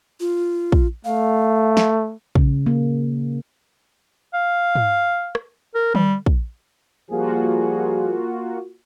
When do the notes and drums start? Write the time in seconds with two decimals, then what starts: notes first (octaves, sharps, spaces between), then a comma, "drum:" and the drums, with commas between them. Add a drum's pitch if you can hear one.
0.20 F4
0.72 drum: kick
1.05 A3 F5
1.77 drum: snare
2.35 C#3, drum: kick
2.66 A#3
4.34 F5
4.75 drum: tom
5.35 drum: rim click
5.75 A#4
5.95 G3, drum: tom
6.26 drum: kick
7.11 F3 G3 A#3 F4 F#4 G#4